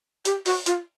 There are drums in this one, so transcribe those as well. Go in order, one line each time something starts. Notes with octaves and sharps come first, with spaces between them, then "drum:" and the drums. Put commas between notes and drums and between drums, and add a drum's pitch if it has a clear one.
G4, drum: hi-hat
F#4, drum: open hi-hat
F4, drum: hi-hat